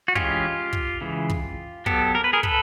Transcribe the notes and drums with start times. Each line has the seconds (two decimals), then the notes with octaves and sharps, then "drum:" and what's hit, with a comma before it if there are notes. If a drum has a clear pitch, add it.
0.08 F#4
0.15 E3 G#3 C#4 F4 G4, drum: kick
0.73 drum: kick
1.01 C#3 E3 G#3
1.30 drum: kick
1.86 F#3 B3 G4 A4, drum: kick
2.15 A#4
2.24 B4
2.33 G#4 A#4
2.43 A4 B4, drum: kick